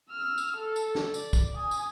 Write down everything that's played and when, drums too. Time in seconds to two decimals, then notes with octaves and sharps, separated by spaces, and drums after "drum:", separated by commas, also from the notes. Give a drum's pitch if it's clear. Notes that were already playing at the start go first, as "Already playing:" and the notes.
0.11 E6 F6
0.38 drum: tambourine
0.57 A4
0.76 drum: tambourine
0.95 drum: snare
1.14 D5, drum: tambourine
1.33 drum: kick, tambourine
1.57 G#5 D#6
1.71 drum: tambourine